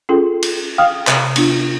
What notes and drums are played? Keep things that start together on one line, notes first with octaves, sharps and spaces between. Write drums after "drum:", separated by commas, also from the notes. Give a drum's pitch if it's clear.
C#4 F4 G#4 A4 G5
drum: cymbal
F5 G5 D#6 F6
C3, drum: clap
B3 D4 F4, drum: cymbal